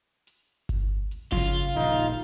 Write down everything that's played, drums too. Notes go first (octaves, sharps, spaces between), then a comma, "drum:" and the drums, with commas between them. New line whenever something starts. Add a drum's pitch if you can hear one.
drum: hi-hat
drum: kick G1, hi-hat
drum: hi-hat
C#3 F3 F#3 F4, drum: kick G1
drum: hi-hat
D#1 A#1 D#4
drum: hi-hat